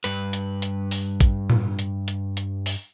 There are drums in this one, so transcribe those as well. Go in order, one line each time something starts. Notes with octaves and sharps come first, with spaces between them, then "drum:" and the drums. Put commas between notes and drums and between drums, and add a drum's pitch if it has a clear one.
G2 B4, drum: hi-hat
drum: hi-hat
drum: hi-hat
drum: open hi-hat
drum: kick A1, hi-hat
drum: tom A2
drum: hi-hat
drum: hi-hat
drum: hi-hat
drum: open hi-hat